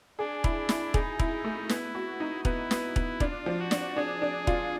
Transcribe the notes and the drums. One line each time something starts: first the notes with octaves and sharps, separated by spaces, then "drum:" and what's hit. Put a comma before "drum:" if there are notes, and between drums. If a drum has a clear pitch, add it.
D4 G#4
E4, drum: kick E1
E4, drum: snare
D#4 G#4, drum: kick E1
E4, drum: kick E1
A3
B3 E4, drum: snare
F#4
D#4
B3 E4, drum: kick E1
B3, drum: snare
B3, drum: kick E1
D4 F4, drum: kick E1
F3
F#4
D4, drum: snare
D4 G#4
D4
F4, drum: kick E1